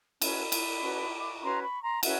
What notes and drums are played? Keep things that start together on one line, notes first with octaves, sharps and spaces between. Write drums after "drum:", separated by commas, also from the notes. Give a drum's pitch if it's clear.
C#4 F#4 B4 B5 C#6, drum: cymbal
drum: cymbal
C#4 F#4 B4
D6
C#6
C#4 F#4 B4 A#5 C6
B5 C#6
A#5 C6
C#4 F#4 B4 E5 F#5, drum: cymbal